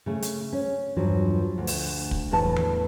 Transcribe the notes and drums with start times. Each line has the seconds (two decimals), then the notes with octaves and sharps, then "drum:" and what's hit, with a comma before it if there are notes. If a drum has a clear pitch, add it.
0.06 C#3 A3
0.22 drum: hi-hat
0.53 C#4
0.97 E2 G2 F3 F#3
1.58 D2
1.67 drum: open hi-hat
2.11 drum: kick
2.31 E2 A2 B3 B4 A5
2.56 drum: tom E3